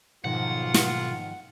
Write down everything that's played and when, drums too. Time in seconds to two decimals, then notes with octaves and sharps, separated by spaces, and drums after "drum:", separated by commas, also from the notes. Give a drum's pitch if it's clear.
0.25 B1 G#2 D#3 F3 F4 F#5
0.74 drum: snare